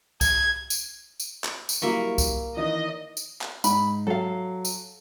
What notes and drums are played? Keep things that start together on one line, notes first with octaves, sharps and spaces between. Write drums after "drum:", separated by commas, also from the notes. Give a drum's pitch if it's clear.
G#6, drum: kick C2, tambourine
drum: tambourine
drum: tambourine
drum: clap
drum: tambourine
F#3 G3 A#3 E4 E5 C#6
drum: kick C2, tambourine
D#3 E3 D#5
drum: tambourine
drum: clap
G#2 B5, drum: tambourine
F#3 A4 F5
drum: tambourine